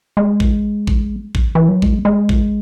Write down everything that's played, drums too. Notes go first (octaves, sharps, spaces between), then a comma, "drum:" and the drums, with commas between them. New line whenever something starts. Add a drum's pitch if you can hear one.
G#3
drum: kick
drum: kick
drum: kick
E3
F#3
G#3, drum: kick
G#3
drum: kick